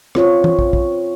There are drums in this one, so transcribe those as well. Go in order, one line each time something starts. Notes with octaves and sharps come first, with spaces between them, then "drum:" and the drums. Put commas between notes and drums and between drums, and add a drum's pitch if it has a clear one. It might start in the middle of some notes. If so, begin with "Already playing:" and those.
C4 F4 C#5, drum: rim click
drum: tom
drum: kick
drum: kick